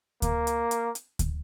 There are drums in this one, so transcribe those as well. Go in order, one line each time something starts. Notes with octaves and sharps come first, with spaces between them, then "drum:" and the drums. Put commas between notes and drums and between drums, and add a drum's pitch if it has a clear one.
A#3, drum: kick D2, hi-hat
drum: hi-hat
drum: hi-hat
drum: hi-hat
drum: kick D2, hi-hat